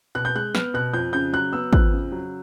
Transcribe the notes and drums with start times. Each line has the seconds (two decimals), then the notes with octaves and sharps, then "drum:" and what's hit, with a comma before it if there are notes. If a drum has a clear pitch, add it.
0.15 B2 F#6
0.25 G6
0.35 G#3 F#6
0.55 B3 F6, drum: snare
0.74 B2 F#6
0.94 F2 G6
1.13 C#3 G6
1.33 F#3 F#6
1.53 B3 E6
1.73 F2 F#6, drum: kick
1.93 C#3
2.12 F#3